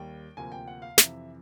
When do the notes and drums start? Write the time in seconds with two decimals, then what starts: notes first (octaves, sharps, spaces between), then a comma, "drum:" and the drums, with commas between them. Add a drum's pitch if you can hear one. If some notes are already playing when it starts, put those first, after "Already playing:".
Already playing: D#2 D#3 G3 G5
0.37 D2 C3 F3 A#3 G#5
0.52 G5
0.67 F#5
0.82 F5
0.98 F2 C3 E3 E5, drum: snare